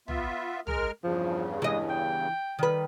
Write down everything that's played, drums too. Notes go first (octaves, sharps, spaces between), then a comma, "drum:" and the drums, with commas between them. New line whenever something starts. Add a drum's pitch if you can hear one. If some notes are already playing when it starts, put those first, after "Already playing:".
B3 F4 E5, drum: tom
G#3 A#4 F6, drum: tom
E2 G2 C#3 F3
E3 G#3 D#5
G5
D#3 G3 B4